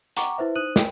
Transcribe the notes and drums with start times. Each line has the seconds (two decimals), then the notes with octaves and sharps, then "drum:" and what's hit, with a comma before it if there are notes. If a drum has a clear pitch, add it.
0.17 F#5 G5 A#5 C#6 D6, drum: hi-hat
0.38 E4 B4 C5 E5
0.55 D#4 C5 D#6 F#6 D#7 F#7
0.76 A#4 G5, drum: snare